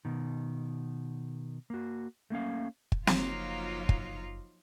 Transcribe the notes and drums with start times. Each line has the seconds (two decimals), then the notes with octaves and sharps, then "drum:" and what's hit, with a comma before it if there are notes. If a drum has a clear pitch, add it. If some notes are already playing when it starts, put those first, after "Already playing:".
0.05 B2 D#3
1.70 A#3 F#4
2.30 A3 A#3 C#4 F5
2.92 drum: kick
3.07 F#1 F3 F#3 A#3 D#4 F4, drum: snare
3.89 drum: kick